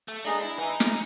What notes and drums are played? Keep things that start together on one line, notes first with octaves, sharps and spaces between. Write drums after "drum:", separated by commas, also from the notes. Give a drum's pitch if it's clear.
A3
G#3 B3 D4 D#4 G#4
E4
E3 D#4
drum: snare